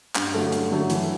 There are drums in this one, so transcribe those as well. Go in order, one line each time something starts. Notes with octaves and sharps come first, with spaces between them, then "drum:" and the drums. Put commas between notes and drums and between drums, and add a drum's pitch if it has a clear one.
G2, drum: clap
D3 F#3 A3
G2, drum: hi-hat
D3 F#3 A3
E3, drum: hi-hat